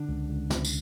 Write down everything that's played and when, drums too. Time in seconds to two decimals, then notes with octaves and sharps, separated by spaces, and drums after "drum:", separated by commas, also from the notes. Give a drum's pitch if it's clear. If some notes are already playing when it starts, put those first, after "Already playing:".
Already playing: D3 D4
0.09 C#2
0.29 C#2
0.50 C#2, drum: snare
0.65 drum: tambourine